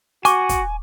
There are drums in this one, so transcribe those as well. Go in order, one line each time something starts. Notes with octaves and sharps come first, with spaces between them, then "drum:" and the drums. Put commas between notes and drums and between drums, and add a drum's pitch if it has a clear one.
F#4 G#5 C#6 D6, drum: hi-hat
drum: kick, hi-hat